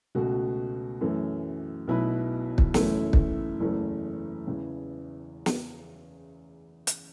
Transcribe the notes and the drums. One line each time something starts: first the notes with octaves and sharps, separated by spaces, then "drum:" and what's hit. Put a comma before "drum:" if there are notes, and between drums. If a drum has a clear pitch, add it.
C#2 B2 A3 F#4
F#2 E3 A3
B1 B2 B3 E4 B4
drum: kick
F#1 F#2 E3 A3 E4, drum: snare
drum: kick
F#1 E2 E3 A3
E2 C#3 E3
drum: snare
drum: hi-hat